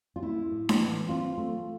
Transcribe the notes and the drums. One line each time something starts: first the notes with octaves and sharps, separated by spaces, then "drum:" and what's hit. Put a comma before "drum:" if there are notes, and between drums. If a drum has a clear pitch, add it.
F4
A3 E4
A2
drum: snare D4
E3
C4 F4
A3